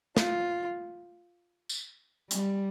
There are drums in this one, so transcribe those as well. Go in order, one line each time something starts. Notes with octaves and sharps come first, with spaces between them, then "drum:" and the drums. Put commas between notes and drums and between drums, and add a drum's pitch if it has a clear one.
F4, drum: snare
drum: tambourine
G3, drum: hi-hat